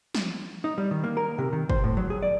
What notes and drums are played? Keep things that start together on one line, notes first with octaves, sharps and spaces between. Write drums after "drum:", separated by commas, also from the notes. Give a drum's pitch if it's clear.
drum: snare
D#4
G3
D#3
A#3
A#4
C3
D#3
C5, drum: kick
A2
F#3
G#4
D5